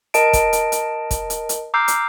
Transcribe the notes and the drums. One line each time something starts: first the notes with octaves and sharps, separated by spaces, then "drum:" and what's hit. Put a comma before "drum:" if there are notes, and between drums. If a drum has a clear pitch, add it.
A#4 D#5 A5 D7, drum: hi-hat
drum: kick, hi-hat
drum: hi-hat
drum: hi-hat
drum: kick, hi-hat
drum: hi-hat
drum: hi-hat
A#5 D6 E6 F6 G6 C7
drum: hi-hat